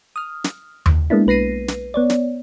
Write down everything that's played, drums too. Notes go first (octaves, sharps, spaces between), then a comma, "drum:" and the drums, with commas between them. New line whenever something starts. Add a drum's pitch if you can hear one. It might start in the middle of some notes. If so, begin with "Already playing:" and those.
D#6 F6
drum: snare
drum: tom D#2
G#3 A#3 B3 D4 E4
B1 B4 A#6 C7 D#7
drum: snare
B3 C#5 D5
drum: snare